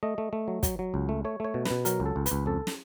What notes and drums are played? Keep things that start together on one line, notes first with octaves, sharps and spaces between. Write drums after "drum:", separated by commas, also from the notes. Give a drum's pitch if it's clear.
A3 D#5
A3
A3
F#3
F#3, drum: kick, hi-hat
F#3
C#2
A3
A3 C#5
A3 C#5
B2
B4, drum: snare
B2
F#3 A#4, drum: hi-hat
C#2
A4
C#2
B4, drum: hi-hat
C#2
F2 A4
drum: snare